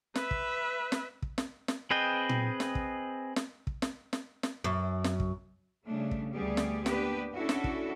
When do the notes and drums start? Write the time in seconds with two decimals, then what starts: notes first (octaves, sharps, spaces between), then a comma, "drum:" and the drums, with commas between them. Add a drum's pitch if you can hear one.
0.15 B4 E5, drum: snare
0.31 drum: kick
0.92 drum: snare
1.22 drum: kick
1.38 drum: snare
1.68 drum: snare
1.90 C4 G#4 B4 D#5 G5
2.29 drum: tom A#2
2.60 drum: snare
2.75 drum: kick
3.36 drum: snare
3.67 drum: kick
3.82 drum: snare
4.13 drum: snare
4.43 drum: snare
4.64 F#2
5.04 drum: snare
5.20 drum: kick
5.87 C#3 G3 A3 D4
6.11 drum: kick
6.34 D2 G3 B3 G4 G#4 D5
6.57 drum: snare
6.86 A#3 B3 D4 G4 B4, drum: snare
7.35 C#4 D4 E4 F#4 A4
7.49 drum: snare
7.64 drum: kick